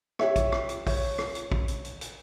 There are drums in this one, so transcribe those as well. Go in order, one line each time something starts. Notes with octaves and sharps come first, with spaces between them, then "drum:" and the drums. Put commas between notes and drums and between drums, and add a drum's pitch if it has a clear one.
G4 C#5 E5, drum: rim click
drum: kick, hi-hat
drum: rim click
drum: hi-hat
C#5, drum: kick, open hi-hat
drum: rim click
drum: hi-hat
drum: kick
drum: hi-hat
drum: hi-hat
drum: hi-hat